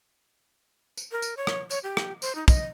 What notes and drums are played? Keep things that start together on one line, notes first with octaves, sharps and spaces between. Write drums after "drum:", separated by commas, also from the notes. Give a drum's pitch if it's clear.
drum: tambourine
A#4
drum: tambourine
C#5
drum: rim click
C#5, drum: tambourine
G4
drum: rim click
C5, drum: tambourine
D#4
D#5, drum: kick, tambourine